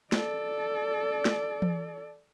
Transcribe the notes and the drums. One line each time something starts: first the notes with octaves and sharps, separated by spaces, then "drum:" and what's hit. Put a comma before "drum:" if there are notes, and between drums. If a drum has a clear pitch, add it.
A4 D5, drum: snare
drum: snare
drum: tom E3